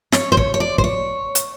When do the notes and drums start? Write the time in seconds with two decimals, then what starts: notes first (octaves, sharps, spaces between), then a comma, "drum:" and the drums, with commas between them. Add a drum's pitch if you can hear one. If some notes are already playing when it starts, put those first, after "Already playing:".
0.12 C#5, drum: snare
0.32 C5
0.37 C#5, drum: kick
0.54 C#5
0.60 D5
0.78 C5, drum: kick
0.84 C#5
1.35 drum: hi-hat